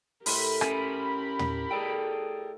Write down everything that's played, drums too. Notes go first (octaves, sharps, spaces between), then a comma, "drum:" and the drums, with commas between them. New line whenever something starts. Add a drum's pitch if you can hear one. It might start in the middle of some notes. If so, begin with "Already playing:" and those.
A2 G4 A#4 B5 C6, drum: open hi-hat
C#4 E5 G#5, drum: rim click
drum: tom
G#4 A4 D5 G5